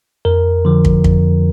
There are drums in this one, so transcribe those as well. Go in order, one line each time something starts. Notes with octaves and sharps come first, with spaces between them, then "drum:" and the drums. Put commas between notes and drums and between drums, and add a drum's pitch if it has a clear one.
F2 A#4
D3 F3
drum: kick
F2, drum: kick